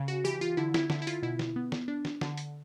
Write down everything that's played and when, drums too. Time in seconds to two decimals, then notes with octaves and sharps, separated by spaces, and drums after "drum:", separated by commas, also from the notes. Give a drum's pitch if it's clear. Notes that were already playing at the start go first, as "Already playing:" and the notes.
Already playing: C#3
0.08 F#4
0.24 E3 G4
0.41 F4
0.57 D3 E4
0.74 E4, drum: snare
0.90 D3 E4, drum: snare
1.02 E4
1.07 F4, drum: hi-hat
1.22 B2 E4
1.39 drum: snare
1.56 B3
1.72 drum: snare
1.88 D4
2.05 drum: snare
2.21 D3, drum: snare
2.37 drum: hi-hat